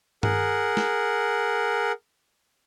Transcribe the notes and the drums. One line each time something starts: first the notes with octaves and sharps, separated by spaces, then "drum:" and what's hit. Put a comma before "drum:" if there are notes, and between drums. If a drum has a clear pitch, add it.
G#4 A#4 F#5, drum: tom G2
drum: snare